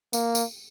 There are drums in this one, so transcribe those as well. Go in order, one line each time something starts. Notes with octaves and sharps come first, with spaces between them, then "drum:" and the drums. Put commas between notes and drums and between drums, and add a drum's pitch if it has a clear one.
A#3, drum: tambourine
drum: tambourine